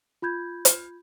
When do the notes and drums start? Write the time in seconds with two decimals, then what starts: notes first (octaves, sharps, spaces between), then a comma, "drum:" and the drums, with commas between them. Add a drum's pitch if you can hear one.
0.22 F4 B5 G6 G#6
0.65 drum: hi-hat